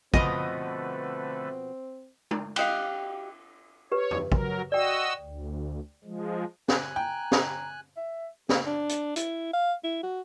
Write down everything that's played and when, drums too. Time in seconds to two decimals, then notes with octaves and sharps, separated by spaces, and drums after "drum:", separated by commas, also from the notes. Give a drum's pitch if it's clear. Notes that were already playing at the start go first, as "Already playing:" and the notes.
0.14 B2 D3 F3 A3 B3 C4 B4 D#5, drum: kick
2.31 drum: tom G#3
2.56 F#4 G4 D#5 F5, drum: cymbal
3.92 G4 B4 C#5
4.11 drum: tom
4.32 F#3 A#4, drum: kick
4.72 F#4 D5 D#5 G5 E6
5.20 D2
6.04 F3 G#3
6.68 G#5 F#6, drum: snare
6.96 G5 A#5
7.32 drum: snare
7.97 E5
8.49 A#3, drum: snare
8.66 D4
8.89 drum: hi-hat
9.16 E4, drum: hi-hat
9.53 F5
9.84 E4
10.03 F#4